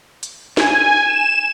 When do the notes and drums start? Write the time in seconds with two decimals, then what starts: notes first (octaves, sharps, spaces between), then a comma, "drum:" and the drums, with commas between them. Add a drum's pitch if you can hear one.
0.23 drum: hi-hat
0.57 G#5, drum: snare
1.05 E7